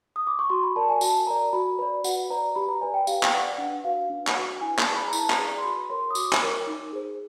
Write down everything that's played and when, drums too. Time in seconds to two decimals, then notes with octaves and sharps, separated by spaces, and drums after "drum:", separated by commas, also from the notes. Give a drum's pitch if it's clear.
0.16 D#6
0.27 D6
0.39 C#6
0.50 F#4 C6
0.63 B5
0.76 A#4 D5 A5
0.89 G#5
1.01 F#4 A5, drum: tambourine
1.27 A#4 D5 A#5
1.53 F#4 B5
1.78 B4 D5 B5
2.04 F#4 F#5, drum: tambourine
2.30 B4 D5 A#5
2.55 G4 B5
2.69 A#5
2.81 B4 D5 G#5
2.94 G5
3.07 G4 F5, drum: tambourine
3.23 G5, drum: clap
3.33 B4 D5 F#5
3.58 D4 F#5
3.84 F#4 B4 F5
4.10 D4
4.27 F#5, drum: clap
4.35 F#4 B4
4.61 E4 G#5
4.79 A5, drum: clap
4.87 G#4 B4 D5
4.96 B5
5.07 A#5
5.13 E4, drum: tambourine
5.19 A5
5.30 A#5, drum: clap
5.38 G#4 B4 D5
5.58 C6
5.64 F#4 B5
5.90 A#4 C#5 C6
6.11 D#6
6.15 F#4 D6, drum: tambourine
6.33 drum: clap
6.42 A#4 C#5
6.67 D#4
6.93 G#4 C5